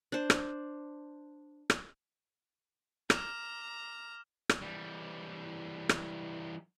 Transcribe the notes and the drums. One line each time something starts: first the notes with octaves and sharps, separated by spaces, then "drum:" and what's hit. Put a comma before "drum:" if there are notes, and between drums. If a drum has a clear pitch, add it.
D4 C5
drum: rim click
drum: rim click
A#5 D6 F6 E7, drum: rim click
drum: rim click
E3 G3
drum: rim click